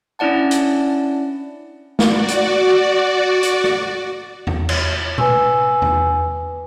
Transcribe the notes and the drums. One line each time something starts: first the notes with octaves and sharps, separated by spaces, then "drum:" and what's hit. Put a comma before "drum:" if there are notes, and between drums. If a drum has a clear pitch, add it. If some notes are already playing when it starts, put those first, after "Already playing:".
C#4 D4 E4 D5 F#5 A5
drum: hi-hat
F#4 D5, drum: snare
drum: hi-hat
drum: hi-hat
drum: rim click
drum: tom E2
drum: cymbal
B4 G#5 E6, drum: tom B2
drum: tom E2